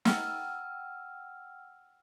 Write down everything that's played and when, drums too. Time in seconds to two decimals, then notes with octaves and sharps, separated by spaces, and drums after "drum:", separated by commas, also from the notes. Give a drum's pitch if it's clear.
0.05 F#5 G5 E6 F6, drum: snare